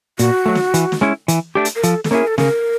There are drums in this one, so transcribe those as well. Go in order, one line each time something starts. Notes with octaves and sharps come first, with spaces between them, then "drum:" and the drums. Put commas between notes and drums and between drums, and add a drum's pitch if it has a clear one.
A#2 F#4, drum: hi-hat
F#3 A3
drum: snare
E3, drum: hi-hat
drum: snare
G#3 C#4 E4
E3, drum: hi-hat
A3 D4 G4
drum: hi-hat
A#4
F3 A4, drum: hi-hat
A4, drum: snare
A#3 C#4 E4 G#4 A#4
A4
C#3 A#4, drum: snare